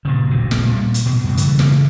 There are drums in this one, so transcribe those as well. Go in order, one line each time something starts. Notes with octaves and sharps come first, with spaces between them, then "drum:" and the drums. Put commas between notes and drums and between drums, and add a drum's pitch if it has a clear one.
G2 A#2 C#3
D#1 A#1 D3 F#3
drum: snare
A#2 G3
drum: hi-hat
B2
F#2 A2 D#3
C#3 E3 G3, drum: hi-hat
drum: snare